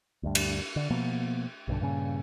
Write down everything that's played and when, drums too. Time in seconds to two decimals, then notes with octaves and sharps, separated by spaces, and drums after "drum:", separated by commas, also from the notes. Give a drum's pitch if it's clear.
0.23 D2 G2
0.35 drum: cymbal
0.76 D3
0.90 B2 F3 A#3 B3
1.68 B1 G2 D3
1.81 G2 A#2 C#3